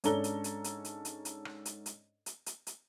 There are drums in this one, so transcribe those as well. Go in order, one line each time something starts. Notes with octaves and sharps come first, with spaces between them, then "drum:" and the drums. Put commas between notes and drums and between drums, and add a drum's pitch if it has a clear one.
G#2 C#4 D4 A4 A#5 G7, drum: hi-hat
drum: hi-hat
drum: hi-hat
drum: hi-hat
drum: hi-hat
drum: hi-hat
drum: hi-hat
drum: rim click
drum: hi-hat
drum: hi-hat
drum: hi-hat
drum: hi-hat
drum: hi-hat